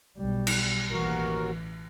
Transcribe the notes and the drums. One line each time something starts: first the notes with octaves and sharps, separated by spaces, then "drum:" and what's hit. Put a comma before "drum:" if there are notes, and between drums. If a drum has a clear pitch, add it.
B1 G3
drum: cymbal
A1 D#2 E3 F#4 A#4